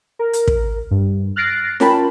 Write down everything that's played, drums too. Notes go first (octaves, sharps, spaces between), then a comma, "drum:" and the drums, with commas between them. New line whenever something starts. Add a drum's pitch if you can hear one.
A#4
drum: hi-hat
drum: kick
G2
F6 F#6 A6 A#6 C7 D7
C#4 F4 A#4 G5 A5 B5, drum: snare